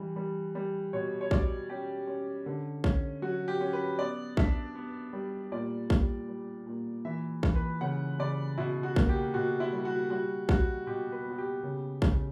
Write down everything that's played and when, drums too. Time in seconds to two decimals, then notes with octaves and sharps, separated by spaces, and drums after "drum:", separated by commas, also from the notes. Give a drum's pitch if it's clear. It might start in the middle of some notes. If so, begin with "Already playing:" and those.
Already playing: E3 G3
0.16 G3
0.55 G3
0.93 B2 C#5
1.21 C#5
1.31 B2 D5, drum: kick
1.69 C#4 G4
2.07 C#4
2.46 D3
2.84 C#4, drum: kick
3.22 F#3 F#4
3.48 G4
3.61 C#4
3.73 B4
3.98 B3 D5
4.37 D4 E5, drum: kick
4.75 B3
5.13 G3
5.52 A#2 D5
5.90 G3, drum: kick
6.28 G3
6.67 A#2
7.05 E3 E5
7.43 E3, drum: kick
7.55 B4
7.81 C#3 F#5
8.19 C#3 D5
8.58 B2 E4
8.83 F#4
8.96 A#3, drum: kick
9.09 G4
9.34 B2 F#4
9.60 E4
9.73 G3
9.85 F#4
10.10 G3 F#4
10.49 G3 F#4, drum: kick
10.87 B2 G4
11.12 B4
11.26 B3 F#4
11.38 G4
11.63 C#3
12.02 C#3, drum: kick